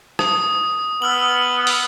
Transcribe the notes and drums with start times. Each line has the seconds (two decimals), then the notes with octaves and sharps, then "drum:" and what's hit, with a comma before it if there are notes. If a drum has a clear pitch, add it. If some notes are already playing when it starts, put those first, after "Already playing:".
0.19 D#6, drum: rim click
1.02 B3 E6 F6 F#7
1.67 drum: open hi-hat